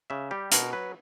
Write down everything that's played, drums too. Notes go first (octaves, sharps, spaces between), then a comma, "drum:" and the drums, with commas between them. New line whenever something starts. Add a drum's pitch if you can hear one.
C#3 E5
G3 G4
B2 A#4, drum: hi-hat
F#3 B4